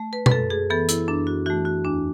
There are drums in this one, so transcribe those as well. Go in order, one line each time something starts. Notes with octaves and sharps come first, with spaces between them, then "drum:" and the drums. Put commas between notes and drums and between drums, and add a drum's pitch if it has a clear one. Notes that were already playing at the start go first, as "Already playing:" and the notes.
Already playing: A3
B4
B4, drum: tom B2
F#2 A4
G#4
E3 B3 A4
E4, drum: hi-hat
F#2 D4
F#4
E3 A3 F#4
F#4
E2 D4